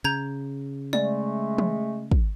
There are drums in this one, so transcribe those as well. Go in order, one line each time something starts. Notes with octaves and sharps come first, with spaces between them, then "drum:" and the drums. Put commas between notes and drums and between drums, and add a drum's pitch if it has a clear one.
C#3 A#5 G6 G#6
G#3 A3 D5, drum: tom
drum: tom
drum: kick